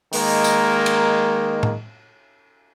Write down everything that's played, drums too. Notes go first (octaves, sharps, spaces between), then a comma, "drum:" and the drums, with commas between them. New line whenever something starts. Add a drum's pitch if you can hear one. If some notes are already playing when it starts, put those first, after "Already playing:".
D#3 G#3 A#3, drum: open hi-hat
drum: tambourine
drum: cymbal
drum: tom A2